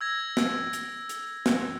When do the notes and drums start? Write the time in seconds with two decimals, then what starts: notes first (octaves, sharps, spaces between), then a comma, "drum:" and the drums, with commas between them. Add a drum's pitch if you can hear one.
0.01 E6 G#6 A#6
0.37 drum: snare
0.73 drum: hi-hat
1.09 drum: hi-hat
1.46 drum: snare